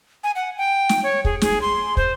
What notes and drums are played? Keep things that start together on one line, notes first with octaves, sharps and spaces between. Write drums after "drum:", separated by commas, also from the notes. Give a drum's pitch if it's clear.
G#5
F#5
G5
drum: snare
C#5
G#4, drum: kick
G#4, drum: snare
C6
C5, drum: kick